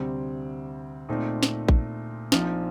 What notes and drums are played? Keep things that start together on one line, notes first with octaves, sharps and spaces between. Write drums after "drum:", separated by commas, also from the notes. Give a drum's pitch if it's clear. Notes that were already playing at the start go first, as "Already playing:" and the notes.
Already playing: D2 C3 G3 C4
A#2 A3 C4 D#4
drum: snare
drum: kick A#1
A#1 A#2 F3 C4 D#4, drum: snare